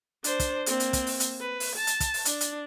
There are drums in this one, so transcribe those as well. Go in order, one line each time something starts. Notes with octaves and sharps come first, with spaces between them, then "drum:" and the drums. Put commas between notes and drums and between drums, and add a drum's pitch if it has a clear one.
D4 C5, drum: hi-hat
drum: kick, hi-hat
A#3 C4, drum: hi-hat
drum: hi-hat
drum: kick, hi-hat
drum: open hi-hat
drum: hi-hat
B4
drum: open hi-hat
A5
drum: hi-hat
drum: kick, hi-hat
drum: open hi-hat
D4, drum: hi-hat
drum: hi-hat